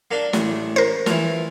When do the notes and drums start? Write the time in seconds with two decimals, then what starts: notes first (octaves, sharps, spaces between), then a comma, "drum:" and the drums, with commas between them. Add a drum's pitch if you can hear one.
0.11 A#3 D4
0.33 A1, drum: snare
0.76 A#4 C5
1.06 E3 F4, drum: snare